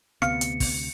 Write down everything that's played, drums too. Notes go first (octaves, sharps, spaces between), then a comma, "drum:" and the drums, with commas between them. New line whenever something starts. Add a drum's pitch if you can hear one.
D2 C3 B3 F5 F6 C#7, drum: rim click
drum: hi-hat
drum: kick, open hi-hat